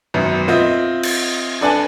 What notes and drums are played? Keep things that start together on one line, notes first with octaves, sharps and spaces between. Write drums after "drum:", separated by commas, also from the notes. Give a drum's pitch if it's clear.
G#1 F#2 B2
C4 F4 D#5 E5
drum: cymbal
D4 A4 B4 D5 G#5 A5